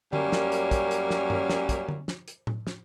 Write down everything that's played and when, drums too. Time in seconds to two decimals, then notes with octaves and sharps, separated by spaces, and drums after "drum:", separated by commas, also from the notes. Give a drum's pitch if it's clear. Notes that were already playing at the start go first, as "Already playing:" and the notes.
0.13 F#2 G3 A#3 C#4, drum: tom D3
0.32 drum: snare
0.52 drum: hi-hat
0.71 drum: kick, hi-hat
0.91 drum: hi-hat
1.10 drum: snare
1.30 drum: tom G2
1.50 drum: snare
1.69 drum: kick, hi-hat
1.89 drum: tom D3
2.08 drum: snare
2.28 drum: hi-hat
2.47 drum: tom A2
2.67 drum: snare